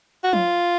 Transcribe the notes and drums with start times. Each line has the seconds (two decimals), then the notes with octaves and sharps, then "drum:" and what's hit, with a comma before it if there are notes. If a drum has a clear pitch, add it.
0.23 F#4
0.33 F4, drum: tom F3